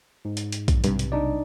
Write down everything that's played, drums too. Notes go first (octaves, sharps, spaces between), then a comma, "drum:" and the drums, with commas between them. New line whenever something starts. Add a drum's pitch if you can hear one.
G#2
drum: hi-hat
drum: hi-hat
drum: kick A#1, hi-hat
B1 G2 C3, drum: hi-hat
drum: hi-hat
D4 D#4 D5